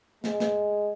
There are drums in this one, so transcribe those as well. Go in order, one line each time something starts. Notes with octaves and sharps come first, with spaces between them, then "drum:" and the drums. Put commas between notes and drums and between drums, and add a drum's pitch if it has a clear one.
G#3, drum: snare
drum: snare